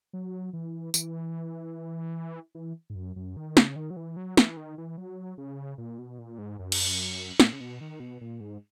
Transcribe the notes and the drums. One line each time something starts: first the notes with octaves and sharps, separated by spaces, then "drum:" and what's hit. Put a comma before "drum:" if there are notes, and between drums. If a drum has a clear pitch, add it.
F#3
E3
E3, drum: tambourine
E3
G#2
F#2
F#2
D#3
C#3, drum: snare
D#3
F#3
E3
F#3
E3, drum: snare
D#3
E3
F#3
C#3
A#2
B2
A#2
G#2
F#2
drum: cymbal
A#2, drum: snare
C#3
B2
D#3
B2
A#2
G#2